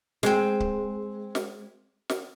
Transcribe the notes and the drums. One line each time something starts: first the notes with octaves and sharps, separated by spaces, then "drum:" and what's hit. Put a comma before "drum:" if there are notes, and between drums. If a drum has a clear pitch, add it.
G#3 C4, drum: snare
drum: kick C#1
drum: snare
drum: snare